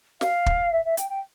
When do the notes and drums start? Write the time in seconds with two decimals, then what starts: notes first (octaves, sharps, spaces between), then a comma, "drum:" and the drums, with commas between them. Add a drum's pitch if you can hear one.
0.21 F5, drum: snare
0.46 drum: kick
0.72 E5
0.85 E5
0.97 G5, drum: hi-hat
1.09 G5